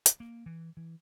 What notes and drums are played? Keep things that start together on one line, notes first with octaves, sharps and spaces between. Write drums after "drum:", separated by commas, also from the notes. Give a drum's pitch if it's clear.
drum: hi-hat
A#3
E3
E3